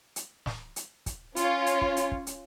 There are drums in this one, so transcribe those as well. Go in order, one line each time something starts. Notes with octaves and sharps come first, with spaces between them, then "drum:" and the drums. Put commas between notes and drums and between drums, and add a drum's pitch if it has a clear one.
drum: hi-hat
drum: snare
drum: hi-hat
drum: kick, hi-hat
C#4 F4 C#5, drum: hi-hat
drum: hi-hat
drum: kick
drum: hi-hat
drum: kick
drum: hi-hat